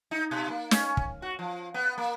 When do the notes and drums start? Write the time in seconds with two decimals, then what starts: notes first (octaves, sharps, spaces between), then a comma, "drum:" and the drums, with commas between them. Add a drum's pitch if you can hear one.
0.11 D#4
0.31 B2
0.50 A#3
0.71 C#4, drum: snare
0.97 drum: kick
1.22 F#4
1.39 F3
1.74 B3
1.98 A#3